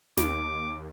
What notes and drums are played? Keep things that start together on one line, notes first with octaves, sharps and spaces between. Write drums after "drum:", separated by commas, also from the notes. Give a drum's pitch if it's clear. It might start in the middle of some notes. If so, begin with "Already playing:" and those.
D#2 D6, drum: snare